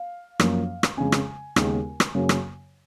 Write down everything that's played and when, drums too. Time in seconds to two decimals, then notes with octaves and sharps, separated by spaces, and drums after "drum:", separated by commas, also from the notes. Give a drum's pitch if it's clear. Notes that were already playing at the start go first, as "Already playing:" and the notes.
Already playing: F5
0.40 F#2 F3 A#3, drum: rim click
0.83 drum: rim click
0.97 F2 C#3 G#3 C#4 G#5
1.12 drum: rim click
1.56 D#2 C#3 G#3 B3, drum: rim click
2.00 drum: rim click
2.14 F#2 C#3 F#3 A#3 C#4
2.29 drum: rim click